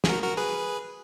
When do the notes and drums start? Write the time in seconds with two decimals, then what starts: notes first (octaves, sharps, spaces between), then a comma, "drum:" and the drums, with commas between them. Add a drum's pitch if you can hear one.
0.04 G#4, drum: snare
0.08 F#4 A#4
0.23 F#4 A#4
0.37 G#4 B4